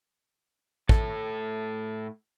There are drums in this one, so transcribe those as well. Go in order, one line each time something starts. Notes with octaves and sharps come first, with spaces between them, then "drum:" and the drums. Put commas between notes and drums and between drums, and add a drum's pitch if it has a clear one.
A2 A4, drum: kick